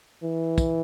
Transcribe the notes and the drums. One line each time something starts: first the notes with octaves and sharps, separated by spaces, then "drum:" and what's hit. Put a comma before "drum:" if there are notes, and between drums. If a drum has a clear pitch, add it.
E3
drum: kick, tambourine